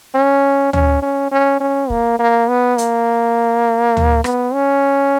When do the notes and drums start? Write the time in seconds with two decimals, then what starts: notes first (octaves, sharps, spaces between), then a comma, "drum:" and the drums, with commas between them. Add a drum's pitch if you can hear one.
0.15 C#4
0.73 C#4, drum: tom D2
1.02 C#4
1.32 C#4
1.60 C#4
1.90 A#3, drum: kick
2.19 A#3
2.49 B3
2.78 A#3, drum: hi-hat
3.97 drum: tom D2
4.24 B3, drum: rim click
4.54 C#4